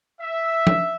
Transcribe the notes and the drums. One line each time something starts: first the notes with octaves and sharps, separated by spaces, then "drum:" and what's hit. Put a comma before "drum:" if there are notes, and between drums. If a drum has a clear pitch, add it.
E5
drum: tom F3